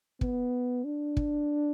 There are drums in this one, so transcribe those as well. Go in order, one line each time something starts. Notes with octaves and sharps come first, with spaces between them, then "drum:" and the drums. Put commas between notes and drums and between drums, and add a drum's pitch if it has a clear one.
B3, drum: kick
D4
drum: kick